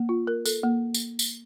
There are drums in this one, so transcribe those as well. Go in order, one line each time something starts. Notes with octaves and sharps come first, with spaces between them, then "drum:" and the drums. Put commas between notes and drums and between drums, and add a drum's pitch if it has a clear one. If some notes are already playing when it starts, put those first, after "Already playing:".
Already playing: A#3
F4
A#4
A4, drum: tambourine
A#3
drum: tambourine
drum: tambourine